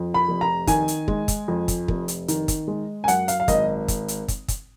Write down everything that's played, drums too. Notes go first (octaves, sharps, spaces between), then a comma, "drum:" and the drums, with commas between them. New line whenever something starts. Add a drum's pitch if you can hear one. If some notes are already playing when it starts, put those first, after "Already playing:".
Already playing: F2
B5
F1
A#5
D#3 G#5, drum: kick, hi-hat
drum: hi-hat
G#3, drum: kick
drum: kick, hi-hat
F2
drum: kick, hi-hat
F1, drum: kick
drum: hi-hat
D#3, drum: hi-hat
drum: kick, hi-hat
G#3
G#5
F#2 F#5, drum: hi-hat
F5, drum: hi-hat
F5
G#1 D#5, drum: kick, hi-hat
drum: kick, hi-hat
drum: hi-hat
drum: kick, hi-hat
drum: kick, hi-hat